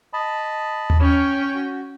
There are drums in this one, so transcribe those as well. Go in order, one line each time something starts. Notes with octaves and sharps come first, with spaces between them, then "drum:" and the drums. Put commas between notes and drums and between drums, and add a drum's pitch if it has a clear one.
D#5 A5 B5
drum: tom D#2
C#4 C#5 G5
F#4